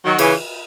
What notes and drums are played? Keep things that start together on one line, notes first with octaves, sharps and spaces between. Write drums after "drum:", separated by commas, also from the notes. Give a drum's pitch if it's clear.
D#3 F#3
C#3 E3, drum: cymbal